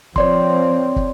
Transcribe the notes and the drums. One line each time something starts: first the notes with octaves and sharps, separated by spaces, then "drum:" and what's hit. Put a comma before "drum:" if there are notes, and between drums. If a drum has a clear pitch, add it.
F3 C4 C#5 D5 C6, drum: kick
drum: kick